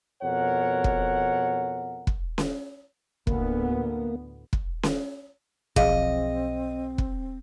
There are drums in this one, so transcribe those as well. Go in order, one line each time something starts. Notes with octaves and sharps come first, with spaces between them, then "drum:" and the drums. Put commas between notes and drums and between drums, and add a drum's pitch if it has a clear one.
F2 B2 A#4 C#5 F#5
drum: kick
drum: kick
drum: snare C#4
D2 A2 A#3 B3, drum: kick
drum: kick
drum: snare C#4
B1 F3 C4 G#4 D#5 F5, drum: kick
drum: kick